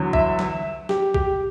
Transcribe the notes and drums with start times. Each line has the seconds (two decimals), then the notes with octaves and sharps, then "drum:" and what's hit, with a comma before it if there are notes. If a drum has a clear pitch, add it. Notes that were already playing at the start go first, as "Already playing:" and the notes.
Already playing: E2 D3 F#3
0.13 E5, drum: kick A#1
0.39 drum: snare
0.89 G4, drum: snare
1.14 G4, drum: kick A#1